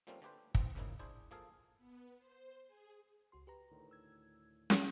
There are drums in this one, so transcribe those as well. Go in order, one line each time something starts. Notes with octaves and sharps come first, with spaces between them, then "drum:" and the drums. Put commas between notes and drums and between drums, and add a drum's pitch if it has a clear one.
F3 G3 A3 A#3 C4 C#4
D3 A3 G4 B4 C5
E3 B3 C4, drum: kick
C#2 C#3 F3 A#3 D#4 E4
D4 E4 G#4 C5
F3 A#3 G#4 A4 F5
B3
C5
G#4
C#2 F#4 C6
G4 B4 A#5
D2 A2 D#3
E6 G#6
drum: snare